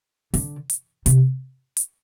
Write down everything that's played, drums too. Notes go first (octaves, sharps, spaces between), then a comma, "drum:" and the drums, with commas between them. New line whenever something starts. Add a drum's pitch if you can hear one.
D3, drum: open hi-hat
drum: hi-hat
C3, drum: hi-hat
drum: hi-hat